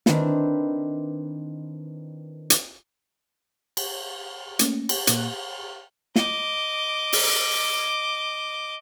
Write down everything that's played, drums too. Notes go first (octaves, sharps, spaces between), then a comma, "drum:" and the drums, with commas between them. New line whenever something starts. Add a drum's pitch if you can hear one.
D#3 C4 D4 E4 B4, drum: snare
drum: hi-hat
drum: cymbal
A3 A#3 C#4, drum: hi-hat
drum: cymbal
A#2 A#3 F#6, drum: hi-hat
D#5 D6, drum: snare
drum: open hi-hat